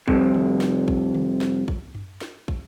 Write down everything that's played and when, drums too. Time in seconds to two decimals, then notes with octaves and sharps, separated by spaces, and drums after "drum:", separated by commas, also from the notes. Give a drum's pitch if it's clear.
0.08 C2 F2 C3, drum: kick
0.34 drum: tom D3
0.61 drum: snare
0.88 drum: kick
1.14 drum: tom D3
1.41 drum: snare
1.68 drum: kick
1.95 drum: tom F#2
2.21 drum: snare
2.48 drum: kick